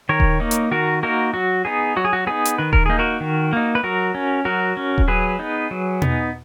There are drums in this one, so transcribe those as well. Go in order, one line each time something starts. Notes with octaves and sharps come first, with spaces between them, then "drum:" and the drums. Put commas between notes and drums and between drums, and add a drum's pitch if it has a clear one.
D#3 A#4 C#5
drum: kick D#1
A#3 D#4
drum: hi-hat
D#3 F#4 A#4
A#3 D#4 F#4 A#4
F#3 F#4
B3 D#4 G#4
F#3 F#4
G#4
F#4
B3 D#4 G#4
drum: hi-hat
D#3 B4
A#4, drum: kick D#1
A#3 D#4 G#4
F#4 A#4
D#3
A#3 D#4
B4
F#3 F#4 A#4
C#4
F#3 F#4 A#4
C#4
drum: kick D#1
F#3 G#4 B4
B3 D#4
F#3
B3 D#4, drum: tom